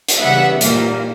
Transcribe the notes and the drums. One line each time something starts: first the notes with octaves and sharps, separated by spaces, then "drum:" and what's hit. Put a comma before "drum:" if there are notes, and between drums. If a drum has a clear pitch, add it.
drum: hi-hat
C#3 E3 G3 B3 E5 F#5
A#2 G3 A#3, drum: hi-hat